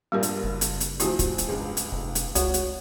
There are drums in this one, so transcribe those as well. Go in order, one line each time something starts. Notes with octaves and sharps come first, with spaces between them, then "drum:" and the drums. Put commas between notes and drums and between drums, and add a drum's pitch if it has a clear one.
A#1 G2 A#2 G3 G4 A#4
drum: hi-hat
F#1
drum: hi-hat
drum: hi-hat
D2 F3 E4 F#4 G4, drum: hi-hat
drum: kick, hi-hat
drum: hi-hat
G1 C#2 G#4
drum: hi-hat
F1
drum: hi-hat
C#2 F#4 C#5 F#5, drum: hi-hat
drum: hi-hat